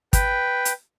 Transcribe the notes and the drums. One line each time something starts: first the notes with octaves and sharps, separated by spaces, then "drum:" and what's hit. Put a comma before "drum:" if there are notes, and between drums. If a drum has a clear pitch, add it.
B4 G5, drum: kick, hi-hat
drum: hi-hat